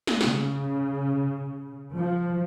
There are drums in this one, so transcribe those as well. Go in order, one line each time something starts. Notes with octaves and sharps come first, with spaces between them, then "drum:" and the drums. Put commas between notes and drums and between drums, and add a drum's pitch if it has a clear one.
drum: snare
C#3, drum: snare
F3